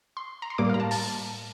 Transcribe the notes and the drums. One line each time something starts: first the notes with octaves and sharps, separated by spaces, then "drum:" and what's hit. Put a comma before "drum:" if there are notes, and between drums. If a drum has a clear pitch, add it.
C6
A#5
C6
A2 G3 A#3 D6
F5 A#5
A5
A5, drum: open hi-hat